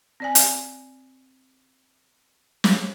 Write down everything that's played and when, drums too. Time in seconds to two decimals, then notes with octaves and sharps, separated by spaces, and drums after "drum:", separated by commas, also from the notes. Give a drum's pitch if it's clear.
0.20 C4 D5 G#5
0.35 drum: hi-hat
2.64 drum: snare